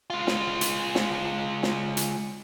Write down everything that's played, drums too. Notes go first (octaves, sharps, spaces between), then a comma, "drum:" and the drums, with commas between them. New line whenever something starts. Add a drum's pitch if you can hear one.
G#3 F4
drum: snare
drum: hi-hat
drum: snare
drum: snare
drum: hi-hat